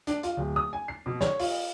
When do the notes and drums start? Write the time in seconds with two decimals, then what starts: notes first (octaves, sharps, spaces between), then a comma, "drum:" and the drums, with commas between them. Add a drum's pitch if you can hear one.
0.07 D4, drum: hi-hat
0.23 F4, drum: hi-hat
0.37 D1
0.56 D#6
0.73 G#5
0.88 C7
1.06 B2
1.21 C#5, drum: snare
1.40 F4, drum: open hi-hat